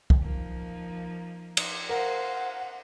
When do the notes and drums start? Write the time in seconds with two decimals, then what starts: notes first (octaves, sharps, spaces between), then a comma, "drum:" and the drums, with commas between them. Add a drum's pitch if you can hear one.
0.10 drum: kick
0.21 F3 A#3 D#4
1.57 drum: cymbal
1.89 A#4 C5 F5 F#5